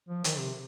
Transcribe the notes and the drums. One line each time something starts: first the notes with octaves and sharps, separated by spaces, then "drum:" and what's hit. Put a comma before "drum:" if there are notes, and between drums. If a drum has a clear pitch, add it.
F3
D#3, drum: hi-hat
C3